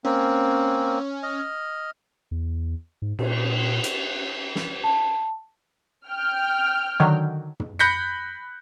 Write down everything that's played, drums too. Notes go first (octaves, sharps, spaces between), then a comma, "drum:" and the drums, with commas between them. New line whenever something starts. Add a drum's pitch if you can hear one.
A#3 C4 C#4
D#5 F6
E2
G#2
A#2, drum: cymbal
drum: hi-hat
drum: snare
A5
G5 F6
D3 D#3 F#3
drum: tom
B5 F#6 G6 A#6 B6 C#7